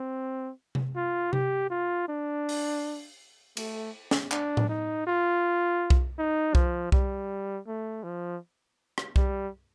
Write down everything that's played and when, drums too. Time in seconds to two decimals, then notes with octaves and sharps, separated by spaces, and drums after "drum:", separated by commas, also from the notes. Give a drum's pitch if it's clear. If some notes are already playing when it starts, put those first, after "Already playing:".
Already playing: C4
0.75 drum: tom C3
0.96 F4
1.33 G4, drum: tom C3
1.70 F4
2.08 D4
2.49 drum: open hi-hat
3.57 A3, drum: cymbal
4.11 drum: snare
4.31 D4, drum: clap
4.57 drum: tom A2
4.69 D#4
5.07 F4
5.90 drum: kick B1
6.18 D#4
6.55 F3, drum: kick B1
6.92 G3, drum: kick B1
7.67 A3
8.04 F3
8.98 drum: rim click
9.16 G3, drum: kick B1